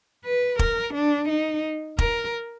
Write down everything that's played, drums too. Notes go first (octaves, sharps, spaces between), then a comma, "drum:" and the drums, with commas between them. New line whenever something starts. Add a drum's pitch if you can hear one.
B4
A#4, drum: kick E1
D4
D#4
A#4, drum: kick E1